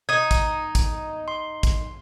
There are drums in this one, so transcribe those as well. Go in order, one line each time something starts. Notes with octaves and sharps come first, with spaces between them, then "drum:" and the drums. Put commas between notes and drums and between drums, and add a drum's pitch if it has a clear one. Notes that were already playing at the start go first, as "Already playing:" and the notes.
D#4 D#6 G#6
drum: kick, hi-hat
drum: kick, hi-hat
C6
drum: kick, hi-hat